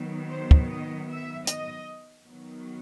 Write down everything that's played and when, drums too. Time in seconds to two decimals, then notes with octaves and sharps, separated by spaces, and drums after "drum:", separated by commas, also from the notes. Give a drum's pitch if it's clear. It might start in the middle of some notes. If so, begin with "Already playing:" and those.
Already playing: D#3 F#3 B3
0.31 C5
0.51 drum: kick
0.70 D#5
1.08 E5
1.47 D#5, drum: hi-hat
2.24 D#3 F#3 B3